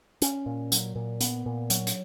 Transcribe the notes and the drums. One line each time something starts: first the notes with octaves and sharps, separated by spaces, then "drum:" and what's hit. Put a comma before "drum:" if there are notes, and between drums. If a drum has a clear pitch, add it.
C#4, drum: hi-hat
A#2
F#3, drum: hi-hat
A#2
B3, drum: hi-hat
A#2
F#3, drum: hi-hat
drum: hi-hat